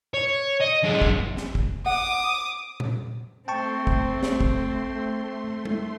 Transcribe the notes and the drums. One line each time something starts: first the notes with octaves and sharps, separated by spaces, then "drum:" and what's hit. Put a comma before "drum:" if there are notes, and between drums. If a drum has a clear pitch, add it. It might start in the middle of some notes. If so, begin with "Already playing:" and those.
C#5
D#5
F#2 G#3
drum: kick
drum: snare
drum: kick
F#5 D6 D#6
drum: tom A#2
A3 C4 G5 A5 C6 C#6
drum: kick
drum: snare
drum: kick
drum: tom G#3